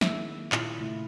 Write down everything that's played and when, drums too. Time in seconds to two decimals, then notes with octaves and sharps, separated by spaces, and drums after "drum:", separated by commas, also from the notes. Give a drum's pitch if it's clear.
0.01 D#3 G#3 A#3 E4 E5, drum: snare
0.52 A#2 E4 F4, drum: clap
0.79 C#3 A3 E4